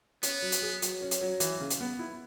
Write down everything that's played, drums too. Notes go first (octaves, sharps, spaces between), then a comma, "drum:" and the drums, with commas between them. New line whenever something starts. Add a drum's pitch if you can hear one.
B3 C#4, drum: hi-hat
F#3
drum: hi-hat
G#4
F#3, drum: hi-hat
C#4
drum: hi-hat
F#3
E3, drum: hi-hat
C#3
drum: hi-hat
B3
E4